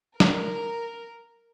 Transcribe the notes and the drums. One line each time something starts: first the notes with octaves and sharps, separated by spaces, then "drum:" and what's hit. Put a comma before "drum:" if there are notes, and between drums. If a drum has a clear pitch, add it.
A#4, drum: snare